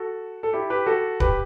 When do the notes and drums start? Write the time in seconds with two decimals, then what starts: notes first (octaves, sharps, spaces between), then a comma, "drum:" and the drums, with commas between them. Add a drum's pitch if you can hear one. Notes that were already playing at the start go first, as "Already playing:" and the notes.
Already playing: F#4 A4
0.43 A4
0.53 E4 G4
0.70 G4 B4
0.86 F#4 A4
1.20 G4 B4, drum: kick D1